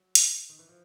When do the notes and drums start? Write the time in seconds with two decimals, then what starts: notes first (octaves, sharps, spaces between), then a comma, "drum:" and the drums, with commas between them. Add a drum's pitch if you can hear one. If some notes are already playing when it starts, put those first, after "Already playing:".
Already playing: F#3
0.15 drum: hi-hat
0.50 D#3
0.59 E3
0.69 F3